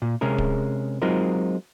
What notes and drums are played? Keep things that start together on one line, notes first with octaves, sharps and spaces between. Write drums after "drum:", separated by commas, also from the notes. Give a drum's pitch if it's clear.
A#2
C3 G#3 C#4 G#4 A#4
drum: kick D1
F#3 G#3 C4 D#4 F4 A#4